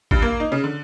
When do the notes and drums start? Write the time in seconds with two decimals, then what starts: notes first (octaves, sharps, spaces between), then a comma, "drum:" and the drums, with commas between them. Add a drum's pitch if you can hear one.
0.11 G2, drum: kick
0.22 A#3
0.40 D#4
0.52 C#3
0.64 D3